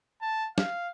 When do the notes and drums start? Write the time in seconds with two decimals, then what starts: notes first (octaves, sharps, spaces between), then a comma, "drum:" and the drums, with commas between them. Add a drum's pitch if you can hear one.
0.22 A5
0.58 F5, drum: snare